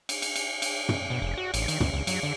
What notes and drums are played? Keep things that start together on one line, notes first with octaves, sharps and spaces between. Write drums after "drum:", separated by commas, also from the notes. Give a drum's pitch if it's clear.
drum: cymbal
drum: cymbal
drum: cymbal
drum: cymbal
drum: tom
B2
F1
F#4
A1, drum: cymbal
D#3, drum: cymbal
D2, drum: tom
C#2
F#3, drum: cymbal
D3